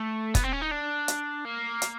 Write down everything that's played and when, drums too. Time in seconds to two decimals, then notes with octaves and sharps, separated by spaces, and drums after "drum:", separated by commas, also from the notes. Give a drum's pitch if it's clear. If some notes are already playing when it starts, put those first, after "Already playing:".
Already playing: A3
0.35 B3, drum: kick, hi-hat
0.44 C4
0.53 C#4
0.62 D#4
0.71 D4
1.08 drum: hi-hat
1.45 A#3
1.82 drum: hi-hat